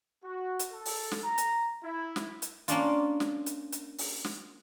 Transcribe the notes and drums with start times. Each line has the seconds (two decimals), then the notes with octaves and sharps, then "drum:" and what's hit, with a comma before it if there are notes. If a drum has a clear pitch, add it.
0.23 F#4
0.59 drum: hi-hat
0.72 A4
0.85 drum: open hi-hat
1.12 drum: snare
1.23 A#5
1.38 drum: hi-hat
1.83 E4
2.16 drum: snare
2.42 drum: hi-hat
2.68 A#3 C#4 D4 F4, drum: hi-hat
3.20 drum: snare
3.46 drum: hi-hat
3.72 drum: hi-hat
3.98 drum: open hi-hat
4.25 drum: snare